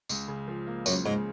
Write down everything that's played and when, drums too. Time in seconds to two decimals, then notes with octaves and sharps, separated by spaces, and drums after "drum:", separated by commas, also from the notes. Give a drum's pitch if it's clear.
0.09 C#2, drum: tambourine
0.28 C#3
0.48 F3
0.67 A#3
0.86 C#2 F#2, drum: tambourine
1.05 G#2 C#3